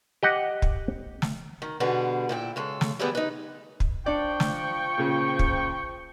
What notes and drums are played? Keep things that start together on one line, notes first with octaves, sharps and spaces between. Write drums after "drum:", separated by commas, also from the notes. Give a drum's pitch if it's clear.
G4 D#5 F#5
drum: kick
drum: snare
D#3
B2 D3 G3 G#4 B4
A#2 E4 G5
C#3 G#3 A4
drum: snare
G3 B3 G4 G#4 B4 E5
D#4 B4
drum: kick
F3 D4 D5 G5 C#6
drum: snare
A#2 C#3
drum: kick